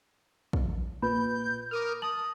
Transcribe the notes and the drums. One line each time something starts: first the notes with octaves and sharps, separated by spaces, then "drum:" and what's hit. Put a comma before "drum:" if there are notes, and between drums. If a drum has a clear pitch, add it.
drum: kick
A#2 B4 B5 G6
A#4 D6 D#6 F6
A5 D#6 F#7